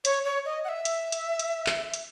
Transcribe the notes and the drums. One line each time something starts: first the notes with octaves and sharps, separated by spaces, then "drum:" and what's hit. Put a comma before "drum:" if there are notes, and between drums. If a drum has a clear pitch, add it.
C#5, drum: hi-hat
C#5
D#5
F#5
E5
drum: hi-hat
drum: hi-hat
drum: hi-hat
drum: clap
drum: hi-hat